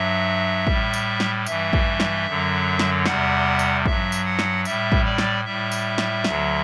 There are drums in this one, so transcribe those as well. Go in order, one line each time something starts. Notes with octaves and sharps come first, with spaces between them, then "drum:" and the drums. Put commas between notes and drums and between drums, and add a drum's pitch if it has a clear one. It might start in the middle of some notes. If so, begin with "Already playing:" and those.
Already playing: G2 F#3 E5
A2 G3, drum: kick
drum: tambourine
drum: snare
G2 E3 G3 E5, drum: tambourine
drum: kick
drum: snare
F#2 D3 F#3
drum: snare
E2 C3 G3 F#5, drum: snare
drum: tambourine
G2 F#3 E5, drum: kick
drum: tambourine
F#5
drum: snare
A2 G3 E5, drum: tambourine
drum: kick
D5
drum: snare
A2 G3 E5
drum: tambourine
drum: snare
D2 D3 F#3, drum: snare